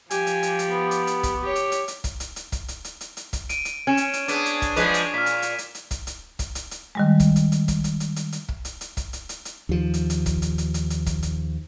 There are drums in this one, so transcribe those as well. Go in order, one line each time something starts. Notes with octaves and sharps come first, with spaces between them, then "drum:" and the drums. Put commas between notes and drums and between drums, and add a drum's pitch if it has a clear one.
F3 G4 G#5, drum: hi-hat
drum: hi-hat
drum: hi-hat
drum: hi-hat
B3
drum: hi-hat
drum: hi-hat
drum: kick, hi-hat
G4 C#5
drum: hi-hat
drum: hi-hat
drum: hi-hat
drum: kick, hi-hat
drum: hi-hat
drum: hi-hat
drum: kick, hi-hat
drum: hi-hat
drum: hi-hat
drum: hi-hat
drum: hi-hat
drum: kick, hi-hat
D7 D#7, drum: hi-hat
drum: hi-hat
C#4 G#6 E7
drum: hi-hat
drum: hi-hat
B3 D4 G#4 D#7, drum: hi-hat
drum: hi-hat
drum: kick, hi-hat
F3 G#3 B4 D6, drum: hi-hat
drum: hi-hat
A#2 F6 B6
drum: hi-hat
drum: hi-hat
drum: hi-hat
drum: hi-hat
drum: kick, hi-hat
drum: hi-hat
drum: kick, hi-hat
drum: hi-hat
drum: hi-hat
D#3 G3 G#3
drum: kick, hi-hat
drum: hi-hat
drum: hi-hat
drum: kick, hi-hat
drum: hi-hat
drum: hi-hat
drum: hi-hat
drum: hi-hat
drum: kick
drum: hi-hat
drum: hi-hat
drum: kick, hi-hat
drum: hi-hat
drum: hi-hat
drum: hi-hat
D#2 F3
drum: hi-hat
drum: hi-hat
drum: kick, hi-hat
drum: hi-hat
drum: hi-hat
drum: hi-hat
drum: hi-hat
drum: kick, hi-hat
drum: hi-hat